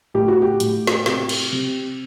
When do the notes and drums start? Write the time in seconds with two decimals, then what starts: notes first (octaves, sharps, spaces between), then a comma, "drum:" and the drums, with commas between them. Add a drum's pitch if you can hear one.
0.14 A2 G4
0.28 F#4
0.42 G4
0.60 A2, drum: hi-hat
0.87 drum: snare
1.06 C3, drum: snare
1.29 drum: cymbal
1.52 C3